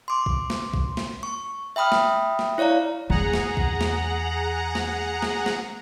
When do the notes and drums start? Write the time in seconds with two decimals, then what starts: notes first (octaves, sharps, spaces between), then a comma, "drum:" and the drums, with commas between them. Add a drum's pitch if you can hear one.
0.08 C6 D6
0.26 drum: kick
0.50 drum: snare
0.74 drum: kick
0.97 drum: snare
1.23 C#6
1.76 E5 G5 B5 D#6 F6
1.92 drum: snare
2.39 drum: snare
2.58 E4 C#5 D5 F5 A#5
3.10 E2 G#4 F#5 A#5, drum: kick
3.33 drum: snare
3.57 drum: kick
3.81 drum: snare
4.75 drum: snare
5.22 drum: snare
5.46 drum: snare